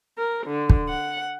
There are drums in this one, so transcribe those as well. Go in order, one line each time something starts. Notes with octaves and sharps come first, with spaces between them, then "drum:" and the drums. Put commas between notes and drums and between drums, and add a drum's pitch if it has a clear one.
A#4
D3
drum: kick
F#5